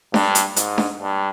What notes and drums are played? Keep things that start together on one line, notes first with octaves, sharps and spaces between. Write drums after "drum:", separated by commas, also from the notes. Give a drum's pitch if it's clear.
G2, drum: snare D4
drum: hi-hat
G#2, drum: hi-hat
drum: snare D4
G2